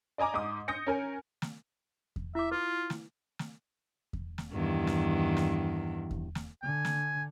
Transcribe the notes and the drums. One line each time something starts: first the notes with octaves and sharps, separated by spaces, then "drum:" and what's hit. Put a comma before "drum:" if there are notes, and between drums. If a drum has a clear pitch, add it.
D5 D#5 G#5 A#5 D6
G#2 D6 D#6
D#6 G6 A#6 C#7
C#4 A#4 G#5
drum: snare
drum: kick E2
E4 E5 D6
F4 B4
drum: snare
drum: snare
drum: kick E2
drum: snare
E2 G2 D#3
drum: snare
drum: snare
drum: kick E2
drum: snare
D3 G#5
drum: snare